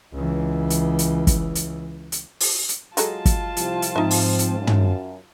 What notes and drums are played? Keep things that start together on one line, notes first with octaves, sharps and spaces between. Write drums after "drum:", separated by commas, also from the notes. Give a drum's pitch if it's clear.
C#2 E3
drum: hi-hat
drum: hi-hat
drum: kick, hi-hat
drum: hi-hat
drum: hi-hat
drum: open hi-hat
drum: hi-hat
F#3 G#3 F4 A4 A5, drum: hi-hat
drum: kick, hi-hat
C2 C3 F3, drum: hi-hat
drum: hi-hat
G#2 F3 C4 D#4 E5
drum: open hi-hat
drum: hi-hat
F#2
drum: tom